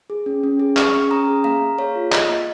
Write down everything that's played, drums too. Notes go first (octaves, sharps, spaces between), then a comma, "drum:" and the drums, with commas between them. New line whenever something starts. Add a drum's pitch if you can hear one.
G#4
C#4
C#4
G#4
G#4 C#6 F6, drum: clap
C#4
C#4 A#5 D#6
G#4
A#3 F5 A#5
A#3
G#4 C#5 F5
F4
A#3 D#5, drum: clap
F5
A#3 D#5